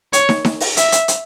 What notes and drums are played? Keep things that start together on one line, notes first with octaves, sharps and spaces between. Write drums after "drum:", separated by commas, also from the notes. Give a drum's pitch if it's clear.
C#5, drum: hi-hat
drum: snare
drum: snare
drum: open hi-hat
E5, drum: hi-hat
drum: hi-hat
drum: hi-hat